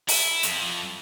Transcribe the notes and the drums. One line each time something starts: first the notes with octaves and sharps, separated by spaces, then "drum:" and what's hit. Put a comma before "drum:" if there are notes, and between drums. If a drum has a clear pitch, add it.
E4, drum: open hi-hat
F2, drum: hi-hat